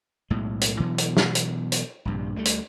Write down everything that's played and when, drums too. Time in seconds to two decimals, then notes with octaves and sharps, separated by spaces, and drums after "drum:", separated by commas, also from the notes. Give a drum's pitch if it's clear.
0.30 B1 A2 G#3
0.61 drum: hi-hat
0.80 B2 E3 F#3 B3
0.98 drum: hi-hat
1.17 drum: snare
1.35 drum: hi-hat
1.72 drum: hi-hat
2.05 A#1 G2 C3
2.35 D2 G3 A3
2.45 drum: hi-hat